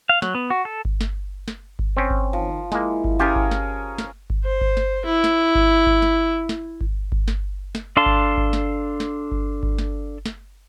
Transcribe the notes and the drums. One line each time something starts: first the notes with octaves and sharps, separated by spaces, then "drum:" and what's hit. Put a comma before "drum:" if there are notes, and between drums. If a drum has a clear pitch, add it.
F5
F#3, drum: snare
B3
F#4
A4
drum: kick G1
drum: snare
drum: snare
drum: kick G1
C4 C#4
drum: kick G1
D#3 F3
G#3 A#3 E4, drum: snare
drum: kick G1
C#4 F4 G4 G#4 A#4
drum: kick G1
drum: snare
drum: snare
drum: kick G1
C5
drum: kick G1
drum: snare
E4
drum: snare
drum: kick G1
drum: kick G1
drum: snare
drum: snare
drum: kick G1
drum: kick G1
drum: snare
drum: snare
D4 A4 F5 A5 C6
drum: kick G1
drum: kick G1
drum: snare
drum: snare
drum: kick G1
drum: kick G1
drum: snare
drum: snare